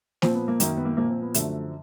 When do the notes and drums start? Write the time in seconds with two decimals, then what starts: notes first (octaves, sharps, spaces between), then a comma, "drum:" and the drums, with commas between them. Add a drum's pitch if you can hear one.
0.22 A#2 F3 C4, drum: snare
0.35 B3
0.48 A#3
0.60 F#2 D#3 A#3, drum: hi-hat
0.77 B3
0.85 A#3
0.97 A#2 F3 A#3
1.10 C4
1.22 B3
1.34 F#2 D3 F3 A3, drum: hi-hat